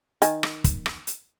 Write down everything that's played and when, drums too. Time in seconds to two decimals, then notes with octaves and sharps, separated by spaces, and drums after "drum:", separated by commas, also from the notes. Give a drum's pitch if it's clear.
0.22 D#3 G#5, drum: hi-hat
0.43 drum: rim click
0.64 drum: kick, hi-hat
0.86 drum: rim click
1.07 drum: hi-hat